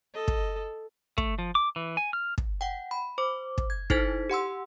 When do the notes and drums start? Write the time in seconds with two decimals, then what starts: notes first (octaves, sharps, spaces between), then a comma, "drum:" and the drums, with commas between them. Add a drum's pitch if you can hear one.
0.14 A4 D#5
0.28 drum: kick
1.18 A3, drum: kick
1.39 F3
1.55 D6
1.76 E3
1.97 G#5
2.13 F6
2.38 drum: kick
2.61 F#5 G5
2.91 B5
3.18 C5 D6
3.58 drum: kick
3.70 G#6
3.90 D#4 E4 A4 C5 G#6 B6, drum: kick
4.30 G4 F#5 C6 E6